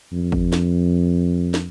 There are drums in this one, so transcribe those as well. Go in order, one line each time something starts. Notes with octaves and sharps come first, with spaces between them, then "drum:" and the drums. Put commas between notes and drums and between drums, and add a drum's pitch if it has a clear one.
F2
drum: kick G1
drum: snare
drum: snare